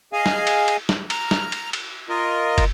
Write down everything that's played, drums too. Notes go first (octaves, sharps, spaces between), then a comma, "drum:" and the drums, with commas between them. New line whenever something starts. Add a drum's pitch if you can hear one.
G#4 D#5 F5 G#5
drum: snare
drum: cymbal
drum: cymbal
drum: snare
A#5 F6, drum: cymbal
drum: snare
drum: cymbal
drum: cymbal
F4 A#4 D#5
drum: kick, cymbal